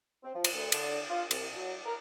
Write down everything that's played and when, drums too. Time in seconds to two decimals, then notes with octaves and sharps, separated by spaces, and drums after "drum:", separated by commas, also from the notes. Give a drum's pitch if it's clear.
0.24 C4
0.35 F3
0.44 drum: cymbal
0.54 D2
0.72 D3, drum: cymbal
1.09 F4
1.31 C2, drum: cymbal
1.54 F#3
1.86 A#4